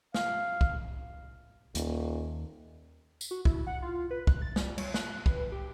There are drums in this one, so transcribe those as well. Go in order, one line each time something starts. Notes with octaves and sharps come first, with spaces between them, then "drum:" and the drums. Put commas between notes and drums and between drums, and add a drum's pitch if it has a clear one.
F5, drum: snare
drum: kick
D#1 D#2 A#3, drum: hi-hat
drum: tambourine
F#4
E4, drum: kick
F#5
F4
B4
F#6, drum: kick
A6
G3, drum: snare
C#5, drum: cymbal
F#6, drum: snare
B4, drum: kick
G4